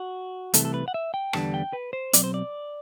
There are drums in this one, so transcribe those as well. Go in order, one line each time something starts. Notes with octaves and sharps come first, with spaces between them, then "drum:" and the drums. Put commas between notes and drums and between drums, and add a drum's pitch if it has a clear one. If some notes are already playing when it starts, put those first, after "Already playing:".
Already playing: F#4
C2 C3 E3 A3 A4, drum: hi-hat
A4
B4
F#5
E5
G5
E2 D3 G3 B3 D4 A5, drum: rim click
G5
B4
C5
B1 A2 F#3 C4 D5, drum: hi-hat
C5
D5